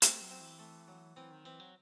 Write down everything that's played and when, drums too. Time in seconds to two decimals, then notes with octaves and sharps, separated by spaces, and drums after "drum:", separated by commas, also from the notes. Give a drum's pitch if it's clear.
0.02 A3 C4, drum: hi-hat
0.21 F#3
0.30 C4
0.40 E3
0.59 A3
0.88 F#3
1.16 E3 C4
1.31 D#3
1.45 E3 C4
1.60 F#3